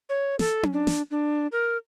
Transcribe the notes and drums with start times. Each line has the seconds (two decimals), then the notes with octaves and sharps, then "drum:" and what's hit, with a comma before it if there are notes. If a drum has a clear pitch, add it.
0.09 C#5
0.39 A4, drum: snare
0.63 drum: tom C#4
0.73 D4
0.87 drum: snare
1.11 D4
1.52 A#4